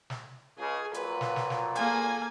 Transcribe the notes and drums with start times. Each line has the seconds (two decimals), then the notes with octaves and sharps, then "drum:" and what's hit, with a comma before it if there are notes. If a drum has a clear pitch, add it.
0.10 drum: snare
0.59 C#2 C#3 G#4
0.94 A#2 F3 F#3 B4, drum: hi-hat
1.21 drum: snare
1.36 drum: snare
1.50 drum: snare
1.75 A#3 G#4 A4 G#5, drum: hi-hat